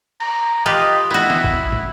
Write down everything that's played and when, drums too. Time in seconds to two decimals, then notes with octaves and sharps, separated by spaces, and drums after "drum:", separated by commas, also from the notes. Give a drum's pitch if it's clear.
0.20 A#5, drum: cymbal
0.66 F4 G4 B4 D#5
1.10 B3 E4 F#4, drum: open hi-hat
1.30 drum: snare
1.44 drum: kick G#1
1.72 drum: tom